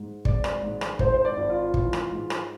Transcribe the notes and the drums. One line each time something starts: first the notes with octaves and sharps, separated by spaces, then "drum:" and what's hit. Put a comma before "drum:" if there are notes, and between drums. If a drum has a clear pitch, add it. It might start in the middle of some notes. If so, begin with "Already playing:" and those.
Already playing: G#2
G#1 D5, drum: kick
drum: rim click
G#2
drum: rim click
G#1 C5, drum: kick
C5
D5
G#1
F4
E3, drum: kick
drum: rim click
G#2
drum: rim click